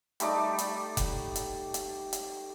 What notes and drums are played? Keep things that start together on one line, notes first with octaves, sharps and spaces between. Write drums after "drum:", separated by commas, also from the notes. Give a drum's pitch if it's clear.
G3 A3 D#4 D5, drum: hi-hat
drum: hi-hat
drum: kick F1, hi-hat
drum: hi-hat
drum: hi-hat
drum: hi-hat